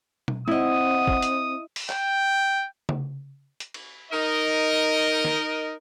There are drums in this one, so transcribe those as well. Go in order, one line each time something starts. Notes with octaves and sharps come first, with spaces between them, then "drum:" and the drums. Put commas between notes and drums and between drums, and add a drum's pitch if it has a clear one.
drum: tom
C4 E4 D#5 F#5 D#6, drum: tom G#3
drum: kick
drum: hi-hat
drum: open hi-hat
G5, drum: clap
drum: tom C#3
drum: hi-hat
drum: cymbal
D#4 A#4 D#5
drum: snare